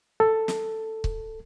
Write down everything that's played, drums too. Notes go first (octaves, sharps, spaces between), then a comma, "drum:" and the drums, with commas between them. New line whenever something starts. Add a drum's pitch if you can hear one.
A4
drum: snare
drum: kick C#1